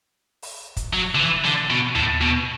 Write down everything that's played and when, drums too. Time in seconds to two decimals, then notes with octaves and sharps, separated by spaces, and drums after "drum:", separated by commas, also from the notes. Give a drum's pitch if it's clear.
0.42 drum: open hi-hat
0.77 drum: kick, hi-hat
0.93 F#3
1.15 D3
1.19 E3
1.44 D3, drum: snare
1.70 B2
1.95 A2, drum: tom D#2
2.21 B2